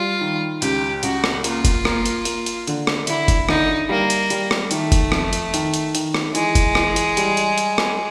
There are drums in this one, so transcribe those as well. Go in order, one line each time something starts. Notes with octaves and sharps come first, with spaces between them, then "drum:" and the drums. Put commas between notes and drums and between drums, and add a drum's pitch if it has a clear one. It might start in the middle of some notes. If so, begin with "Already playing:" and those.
Already playing: G3 F4
D#3
C#2 G4, drum: hi-hat
C#2 F#4, drum: hi-hat
drum: rim click
A#3 F4, drum: hi-hat
drum: kick F#1, hi-hat
A#3, drum: rim click
drum: hi-hat
A#3, drum: hi-hat
drum: hi-hat
D3, drum: hi-hat
drum: rim click
D3 E4, drum: hi-hat
drum: kick F#1, hi-hat
D3 D#4, drum: rim click
G3 A#3
drum: hi-hat
G3, drum: hi-hat
drum: rim click
D#3 A3, drum: hi-hat
drum: kick F#1, hi-hat
F2, drum: rim click
drum: hi-hat
D#3, drum: hi-hat
drum: hi-hat
D#3, drum: hi-hat
drum: rim click
E3 G#3, drum: hi-hat
drum: kick F#1, hi-hat
E3, drum: rim click
drum: hi-hat
G3, drum: hi-hat
drum: hi-hat
drum: hi-hat
drum: rim click